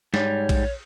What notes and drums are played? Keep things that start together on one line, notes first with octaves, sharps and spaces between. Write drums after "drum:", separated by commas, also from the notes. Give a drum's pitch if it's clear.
G#2 G3 C#5, drum: snare
drum: kick A#1, cymbal